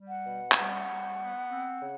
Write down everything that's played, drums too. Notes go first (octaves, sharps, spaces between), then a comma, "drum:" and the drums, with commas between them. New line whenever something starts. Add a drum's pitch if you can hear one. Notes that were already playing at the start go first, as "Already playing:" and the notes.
Already playing: G3
F#5
B2
G5, drum: clap
G3 F#5
G3
B3
C4
C#3